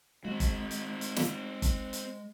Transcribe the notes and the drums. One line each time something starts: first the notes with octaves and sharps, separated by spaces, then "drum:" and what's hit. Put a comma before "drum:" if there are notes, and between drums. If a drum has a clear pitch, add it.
G#3 C4 F#4
drum: kick G1, hi-hat
drum: hi-hat
drum: hi-hat
drum: snare
drum: kick G1, hi-hat
drum: hi-hat